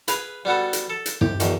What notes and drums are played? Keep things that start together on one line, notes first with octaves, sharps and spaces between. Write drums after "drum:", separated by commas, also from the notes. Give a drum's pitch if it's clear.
G#4 B4 F5 B5, drum: hi-hat
G3 B3 F#4 A4
drum: hi-hat
A4
drum: hi-hat
G4, drum: tom
E2 B2 D#3, drum: hi-hat